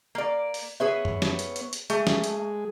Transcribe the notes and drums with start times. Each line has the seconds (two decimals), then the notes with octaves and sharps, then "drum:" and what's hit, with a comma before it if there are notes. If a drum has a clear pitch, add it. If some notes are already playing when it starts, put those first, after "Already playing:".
0.15 A#3 D5
0.54 drum: open hi-hat
0.80 B3 G#4 B4 C#5 E5
1.05 drum: tom F#2
1.22 drum: snare
1.39 drum: hi-hat
1.56 drum: hi-hat
1.73 drum: hi-hat
1.90 G#3 A3 G#4, drum: hi-hat
2.07 drum: snare
2.24 drum: hi-hat